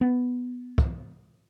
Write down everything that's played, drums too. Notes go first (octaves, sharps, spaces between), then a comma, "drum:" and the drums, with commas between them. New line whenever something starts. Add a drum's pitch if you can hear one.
B3
drum: kick